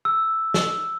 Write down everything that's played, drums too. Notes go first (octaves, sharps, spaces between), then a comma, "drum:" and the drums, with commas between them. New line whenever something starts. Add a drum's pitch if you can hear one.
E6
drum: snare